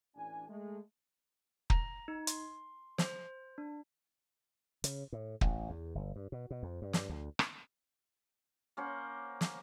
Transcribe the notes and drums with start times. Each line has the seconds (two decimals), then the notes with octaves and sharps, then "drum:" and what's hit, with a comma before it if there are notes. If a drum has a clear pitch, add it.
0.16 A1 D4 G#5
0.49 G#3 A3
1.70 A#5, drum: kick
2.08 D#4
2.27 C6, drum: hi-hat
2.98 C5, drum: snare
3.58 D4
4.84 C#3, drum: hi-hat
5.12 A2
5.41 A1, drum: kick
5.69 E2
5.95 G1
6.16 G2
6.32 B2
6.51 B2
6.63 F2
6.82 G2
6.93 drum: snare
7.09 D2
7.39 drum: rim click
8.77 A#3 C#4 C5 F#5
9.41 drum: snare